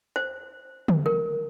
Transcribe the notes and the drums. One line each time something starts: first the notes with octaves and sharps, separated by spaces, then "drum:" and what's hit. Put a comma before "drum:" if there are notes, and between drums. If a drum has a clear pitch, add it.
C5
drum: tom
A#4